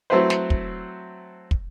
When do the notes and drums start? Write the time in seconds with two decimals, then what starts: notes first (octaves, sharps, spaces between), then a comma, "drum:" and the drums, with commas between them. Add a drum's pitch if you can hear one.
0.10 F#3 A3 C4 E4 B4 C5
0.30 drum: snare
0.50 drum: kick
1.51 drum: kick